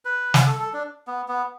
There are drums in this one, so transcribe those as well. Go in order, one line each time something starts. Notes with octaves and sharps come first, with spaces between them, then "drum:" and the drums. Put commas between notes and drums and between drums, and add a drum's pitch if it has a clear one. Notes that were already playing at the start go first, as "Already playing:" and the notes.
B4
drum: snare
A4
A4
D4
B3
B3